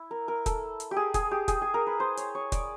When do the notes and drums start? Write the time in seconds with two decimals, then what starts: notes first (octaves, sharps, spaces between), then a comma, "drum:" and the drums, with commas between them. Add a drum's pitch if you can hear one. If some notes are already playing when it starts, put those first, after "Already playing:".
Already playing: E4
0.11 A#4
0.28 A#4
0.46 A4, drum: kick, hi-hat
0.80 drum: hi-hat
0.91 G4
0.96 G#4
1.14 G#4, drum: kick, hi-hat
1.31 G4
1.48 G#4, drum: kick, hi-hat
1.62 G#4
1.74 A#4
1.87 B4
2.00 C5
2.17 C#5, drum: hi-hat
2.35 C#5
2.52 D5, drum: kick, hi-hat